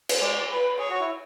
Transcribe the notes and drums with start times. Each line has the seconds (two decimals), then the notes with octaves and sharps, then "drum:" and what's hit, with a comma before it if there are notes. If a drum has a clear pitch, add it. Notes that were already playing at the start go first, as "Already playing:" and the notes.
0.09 drum: cymbal
0.21 G#3 D5
0.50 B4
0.79 G#4 C#5
0.90 F#4
1.00 E4